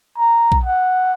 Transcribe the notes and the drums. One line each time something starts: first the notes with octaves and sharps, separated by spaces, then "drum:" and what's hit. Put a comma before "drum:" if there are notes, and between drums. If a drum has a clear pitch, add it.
A#5
drum: kick A#1
F#5